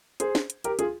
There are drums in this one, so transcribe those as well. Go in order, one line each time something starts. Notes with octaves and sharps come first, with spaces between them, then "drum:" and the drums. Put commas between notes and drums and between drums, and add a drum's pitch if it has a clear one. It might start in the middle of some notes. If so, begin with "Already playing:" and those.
G#4 C5, drum: hi-hat
drum: snare
drum: hi-hat
G4 A#4, drum: hi-hat
F4 G#4, drum: hi-hat